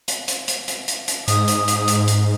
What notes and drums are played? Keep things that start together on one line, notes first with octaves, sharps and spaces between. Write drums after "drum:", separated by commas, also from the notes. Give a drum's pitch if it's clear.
drum: hi-hat
drum: hi-hat
drum: hi-hat
drum: hi-hat
drum: hi-hat
drum: hi-hat
G#2 D#6, drum: hi-hat
drum: hi-hat
drum: hi-hat
drum: hi-hat
drum: hi-hat